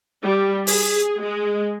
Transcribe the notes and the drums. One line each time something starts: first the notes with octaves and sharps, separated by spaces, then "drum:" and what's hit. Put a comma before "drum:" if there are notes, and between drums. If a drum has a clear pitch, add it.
G3
G#4, drum: open hi-hat
G#3